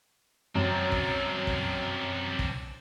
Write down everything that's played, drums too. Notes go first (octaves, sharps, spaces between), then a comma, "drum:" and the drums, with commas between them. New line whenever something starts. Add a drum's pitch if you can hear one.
F#2 C4 D4
drum: kick
drum: kick
drum: kick